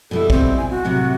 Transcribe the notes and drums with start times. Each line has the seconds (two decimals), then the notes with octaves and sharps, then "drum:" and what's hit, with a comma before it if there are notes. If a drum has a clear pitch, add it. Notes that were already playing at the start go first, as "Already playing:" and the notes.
0.11 B2 G3 E4 A4
0.30 C4, drum: kick
0.57 G#5
0.70 F#4
0.84 A2 C3 F#3